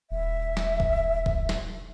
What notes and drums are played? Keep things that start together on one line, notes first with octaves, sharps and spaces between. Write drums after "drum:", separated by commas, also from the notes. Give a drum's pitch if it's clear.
D#1 E5
drum: snare
drum: kick
drum: kick
drum: snare